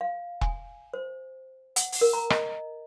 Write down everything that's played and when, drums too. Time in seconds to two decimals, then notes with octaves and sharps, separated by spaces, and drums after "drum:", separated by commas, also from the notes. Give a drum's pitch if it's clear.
0.01 F5
0.41 G#5, drum: kick E1
0.94 C5
1.76 F#5, drum: hi-hat
1.92 drum: open hi-hat
2.01 A#4
2.13 A#5
2.30 D#5, drum: rim click